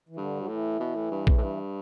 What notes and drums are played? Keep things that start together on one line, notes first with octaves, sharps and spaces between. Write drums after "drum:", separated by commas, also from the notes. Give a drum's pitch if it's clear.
E3
G2 D3
F#3
A2 E3
B2
A2
G2
E2, drum: kick A#1
A2
G2